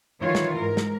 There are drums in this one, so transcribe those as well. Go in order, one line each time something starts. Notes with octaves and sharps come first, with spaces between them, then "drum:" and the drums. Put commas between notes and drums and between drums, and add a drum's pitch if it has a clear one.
D#3 E3 F#3 F4 C#5
drum: snare
G#2 A#4
drum: snare